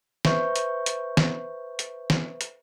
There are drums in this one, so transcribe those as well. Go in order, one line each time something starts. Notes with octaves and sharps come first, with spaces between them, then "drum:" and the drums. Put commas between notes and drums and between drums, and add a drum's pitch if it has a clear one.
B4 C5 E5 C#6 G6, drum: snare
drum: hi-hat
drum: hi-hat
drum: snare
drum: hi-hat
drum: snare
drum: hi-hat